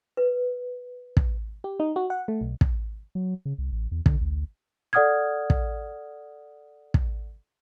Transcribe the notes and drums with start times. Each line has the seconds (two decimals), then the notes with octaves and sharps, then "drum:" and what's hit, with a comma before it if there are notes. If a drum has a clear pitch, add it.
0.17 B4
1.17 drum: kick
1.64 G4
1.80 D#4
1.96 F#4
2.10 F#5
2.28 A3
2.41 B1
2.61 drum: kick
3.15 F#3
3.45 C#3
3.58 C2
3.72 A1
3.91 E2
4.06 D3, drum: kick
4.21 D2
4.93 A4 D5 F#5 D#6 F6 G#6
5.50 drum: kick
6.94 drum: kick